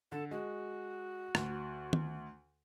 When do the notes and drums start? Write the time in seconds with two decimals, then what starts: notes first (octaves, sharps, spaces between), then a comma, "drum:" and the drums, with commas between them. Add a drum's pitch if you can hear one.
0.12 D3 A4
0.31 G#3 F#4
1.35 D2, drum: rim click
1.93 drum: tom D#3